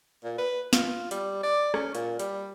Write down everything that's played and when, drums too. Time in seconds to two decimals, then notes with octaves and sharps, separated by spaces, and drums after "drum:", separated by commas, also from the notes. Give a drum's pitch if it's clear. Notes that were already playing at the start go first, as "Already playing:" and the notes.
0.24 A#2
0.38 B4
0.73 F4, drum: snare
1.11 G3, drum: hi-hat
1.43 D5
1.74 C#4, drum: rim click
1.95 A#2, drum: hi-hat
2.19 G3, drum: hi-hat